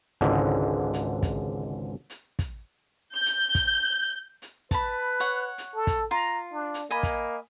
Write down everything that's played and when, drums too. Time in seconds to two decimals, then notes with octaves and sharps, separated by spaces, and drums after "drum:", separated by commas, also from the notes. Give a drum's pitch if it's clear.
0.21 G#1 C#2 G#2 D3
0.94 drum: hi-hat
1.23 drum: kick, hi-hat
2.10 drum: hi-hat
2.39 drum: kick, hi-hat
3.14 G6
3.26 drum: hi-hat
3.55 drum: kick, hi-hat
4.42 drum: hi-hat
4.71 B4 A5 B5, drum: kick, hi-hat
5.20 C#5 F#5
5.58 drum: hi-hat
5.75 A4
5.87 drum: kick, hi-hat
6.11 F4 A#5
6.52 D4
6.74 drum: hi-hat
6.90 A#3 D#5 G#5 B5
7.03 drum: kick, hi-hat